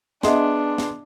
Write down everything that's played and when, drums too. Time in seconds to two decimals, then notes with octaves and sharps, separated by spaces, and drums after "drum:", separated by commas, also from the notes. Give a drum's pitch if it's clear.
0.23 B3 D4 G#4 D#5 E5 F#5 C6, drum: snare
0.78 drum: snare